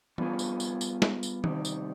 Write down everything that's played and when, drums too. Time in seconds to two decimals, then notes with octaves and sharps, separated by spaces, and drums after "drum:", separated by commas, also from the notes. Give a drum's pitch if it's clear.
0.18 G3 B3 F4 G#4, drum: tom E3
0.39 drum: tambourine
0.60 drum: tambourine
0.81 drum: tambourine
1.02 drum: snare
1.23 drum: tambourine
1.44 C3 D#3 G3 C4 D#4, drum: tom D#3
1.65 drum: tambourine